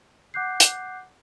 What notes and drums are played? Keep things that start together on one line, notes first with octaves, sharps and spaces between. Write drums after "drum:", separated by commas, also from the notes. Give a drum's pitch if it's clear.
F#5 D6 F#6 G6 C7
drum: hi-hat